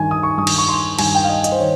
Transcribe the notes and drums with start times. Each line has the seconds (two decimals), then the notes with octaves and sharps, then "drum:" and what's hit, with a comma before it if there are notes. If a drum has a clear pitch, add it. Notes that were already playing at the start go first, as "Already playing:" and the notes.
Already playing: G2 D#3 G#5
0.11 D#6
0.23 C#6
0.38 G2 D#3 D#6
0.47 drum: cymbal
0.58 C#6
0.68 C6
0.99 G2 D#3 G#5, drum: cymbal
1.15 G5
1.24 F5
1.29 D#5
1.44 D#5, drum: hi-hat
1.52 C5
1.60 D#3 C#5